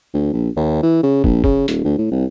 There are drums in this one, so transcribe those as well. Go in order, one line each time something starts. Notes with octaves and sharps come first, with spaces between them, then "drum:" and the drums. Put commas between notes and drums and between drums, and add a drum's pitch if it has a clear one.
D2
A#1
D#2
E3
C#3
A#1, drum: kick
C#3, drum: kick
D#1, drum: hi-hat
D2
A2
C2